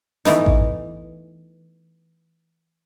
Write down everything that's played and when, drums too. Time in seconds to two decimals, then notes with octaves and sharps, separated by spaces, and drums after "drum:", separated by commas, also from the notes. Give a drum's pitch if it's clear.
0.25 E3 A3 B3 D#4, drum: snare
0.46 drum: kick A1